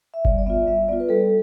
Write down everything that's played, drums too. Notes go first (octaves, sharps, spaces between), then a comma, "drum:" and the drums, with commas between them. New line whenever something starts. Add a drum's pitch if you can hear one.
E5
G3 D5, drum: kick G1
D5
B3 F4 E5
G3 E5
B3 F4 D5
B4
G3 A4